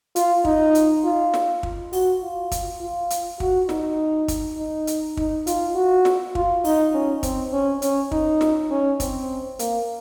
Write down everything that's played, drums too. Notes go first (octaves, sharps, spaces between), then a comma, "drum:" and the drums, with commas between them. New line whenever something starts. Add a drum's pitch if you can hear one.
F4, drum: hi-hat
D#4, drum: kick
drum: hi-hat
F4
drum: snare
drum: kick
F#4, drum: open hi-hat
F4
drum: kick, hi-hat
F4
drum: hi-hat
F#4, drum: kick
D#4, drum: snare
drum: kick, hi-hat
D#4
drum: hi-hat
D#4, drum: kick
F4, drum: hi-hat
F#4
drum: snare
F4, drum: kick
D#4, drum: open hi-hat
C#4
C4, drum: kick, hi-hat
C#4
C#4, drum: hi-hat
D#4, drum: kick
drum: snare
C#4
C4, drum: kick, hi-hat
A#3, drum: hi-hat